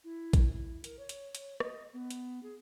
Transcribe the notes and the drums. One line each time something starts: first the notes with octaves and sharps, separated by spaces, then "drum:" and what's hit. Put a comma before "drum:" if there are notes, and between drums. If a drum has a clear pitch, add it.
E4
drum: kick A#1, hi-hat
E4
A#4, drum: hi-hat
C#5
drum: hi-hat
drum: hi-hat
D#5, drum: rim click
B3
drum: hi-hat
G#4